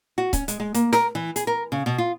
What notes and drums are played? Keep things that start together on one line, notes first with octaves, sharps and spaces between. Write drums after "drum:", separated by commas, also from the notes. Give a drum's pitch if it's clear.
F#4
C#4, drum: kick C#1, hi-hat
G#3, drum: hi-hat
G#3
A#3, drum: hi-hat
A#4, drum: snare
E3
G#4, drum: hi-hat
A#4
C#3
B2
F4